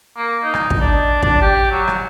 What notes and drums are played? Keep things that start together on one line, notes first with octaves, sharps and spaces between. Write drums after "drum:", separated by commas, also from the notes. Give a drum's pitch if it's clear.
A#3
D#4
drum: rim click
drum: kick
D4
D4, drum: kick
G4
F#3
drum: rim click